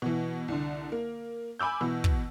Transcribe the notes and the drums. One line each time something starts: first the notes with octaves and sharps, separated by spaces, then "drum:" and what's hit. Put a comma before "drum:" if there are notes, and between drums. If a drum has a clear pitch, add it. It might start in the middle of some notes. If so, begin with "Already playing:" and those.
B2 E3
C2 D3
A#3
G#5 B5 D6 E6 G6
B2 E3
drum: kick